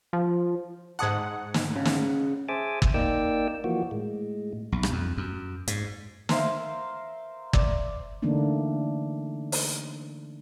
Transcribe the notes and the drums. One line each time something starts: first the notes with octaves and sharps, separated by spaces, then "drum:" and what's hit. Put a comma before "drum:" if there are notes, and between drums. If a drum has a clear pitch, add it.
F3
G#2 F#5 A5 D#6 G#6
drum: snare
C#3
drum: snare
G#4 C5 E5 G#5 A5 D6
drum: kick
A#3 D#4 D5 G5 E6
E3 F3 A#3 F#4
A2 G#3
B1
drum: rim click
F2
F#2
G#2, drum: hi-hat
A#4 C5 E5 F5, drum: snare
D5, drum: kick
D3 E3 A3 A#3 D4 D#4
drum: open hi-hat